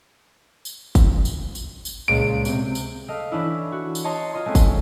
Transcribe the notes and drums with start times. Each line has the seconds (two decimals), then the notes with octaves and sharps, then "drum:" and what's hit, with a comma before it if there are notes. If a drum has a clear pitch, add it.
0.65 drum: tambourine
0.95 drum: kick, tambourine
1.25 drum: tambourine
1.55 drum: tambourine
1.85 drum: tambourine
2.08 C#2 A#2 G#3 D7
2.45 C3, drum: tambourine
2.75 drum: tambourine
3.08 A3 D#5 F5
3.32 E3 C#4 D4 E4
3.72 F#4
3.95 drum: tambourine
4.04 C#5 D#5 A5 A#5 C6
4.34 F4 D#5 C6
4.46 G#3 A3 C4 C#4
4.55 drum: kick, tambourine